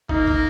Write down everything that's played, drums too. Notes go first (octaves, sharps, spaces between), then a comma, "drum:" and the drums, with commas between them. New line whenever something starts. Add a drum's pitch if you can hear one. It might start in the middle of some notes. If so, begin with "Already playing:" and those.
A#3 D#4, drum: kick
drum: kick